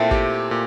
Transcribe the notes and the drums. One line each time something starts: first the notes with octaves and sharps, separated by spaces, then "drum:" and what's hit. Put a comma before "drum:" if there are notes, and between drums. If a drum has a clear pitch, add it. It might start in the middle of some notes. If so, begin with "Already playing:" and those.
Already playing: A#2 A3 C4 E4
G4, drum: kick
A#2